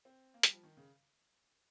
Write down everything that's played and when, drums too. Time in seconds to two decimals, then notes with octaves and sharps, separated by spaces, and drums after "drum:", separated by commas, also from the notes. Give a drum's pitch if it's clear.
0.05 C4
0.34 A#3
0.43 G3, drum: hi-hat
0.53 F3
0.63 D#3
0.77 C#3